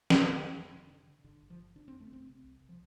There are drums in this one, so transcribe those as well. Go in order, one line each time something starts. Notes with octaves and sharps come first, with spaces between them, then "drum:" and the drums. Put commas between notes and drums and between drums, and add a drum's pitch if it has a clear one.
drum: snare
F1 D3
F2
F2
D3
D3
D3
G1 D3
G1
F3
G1
D3 D4
C4
F2
A3
G1 C4
C3
C2
C2
F3